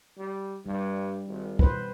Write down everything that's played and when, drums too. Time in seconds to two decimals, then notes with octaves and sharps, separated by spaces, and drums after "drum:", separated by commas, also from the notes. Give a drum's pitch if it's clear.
0.18 G3
0.66 G2 G3
1.27 G#1
1.59 B4 C5, drum: kick